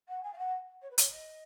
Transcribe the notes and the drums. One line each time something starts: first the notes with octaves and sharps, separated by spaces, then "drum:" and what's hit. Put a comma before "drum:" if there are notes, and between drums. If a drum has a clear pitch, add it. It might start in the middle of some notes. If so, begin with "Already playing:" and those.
F#5
G#5
F5
F#5
C#5
B4
C#5, drum: hi-hat
D#5